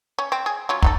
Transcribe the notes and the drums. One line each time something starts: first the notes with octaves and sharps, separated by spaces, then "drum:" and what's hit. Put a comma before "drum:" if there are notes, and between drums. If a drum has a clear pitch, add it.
C#4
C4
G#4
F#3 C#4 F4
D#4 F4 A4, drum: kick